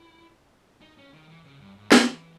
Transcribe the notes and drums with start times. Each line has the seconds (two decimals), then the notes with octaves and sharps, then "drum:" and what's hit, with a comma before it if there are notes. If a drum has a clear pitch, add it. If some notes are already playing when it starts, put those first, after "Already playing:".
Already playing: E4
0.81 D#4
0.98 C#4
1.14 D#3
1.29 E3
1.45 C#3
1.60 G2
1.77 G#2
1.92 A#2, drum: snare
2.08 E3